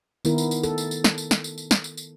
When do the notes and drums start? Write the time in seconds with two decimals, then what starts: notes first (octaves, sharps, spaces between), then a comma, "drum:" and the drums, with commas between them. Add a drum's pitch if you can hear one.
0.25 D#3 B3 E4 A#4, drum: tambourine
0.38 drum: tambourine
0.51 drum: tambourine
0.63 A4, drum: tambourine
0.78 drum: tambourine
0.91 drum: tambourine
1.04 drum: snare
1.18 drum: tambourine
1.31 drum: snare
1.44 drum: tambourine
1.58 drum: tambourine
1.71 drum: snare
1.84 drum: tambourine
1.97 drum: tambourine